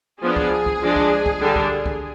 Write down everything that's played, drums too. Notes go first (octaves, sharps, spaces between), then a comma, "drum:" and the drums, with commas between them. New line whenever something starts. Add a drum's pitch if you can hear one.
F3 B3 D4 G#4
drum: kick
drum: kick
F3 G#3 D4
drum: kick
drum: kick
D3 G3 D4
drum: kick
drum: kick